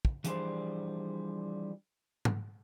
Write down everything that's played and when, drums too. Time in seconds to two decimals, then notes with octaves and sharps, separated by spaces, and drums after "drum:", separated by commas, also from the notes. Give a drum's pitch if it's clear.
0.05 drum: kick
0.24 E3 F3 G3 D4 G#4 C5, drum: hi-hat
2.25 drum: tom G#2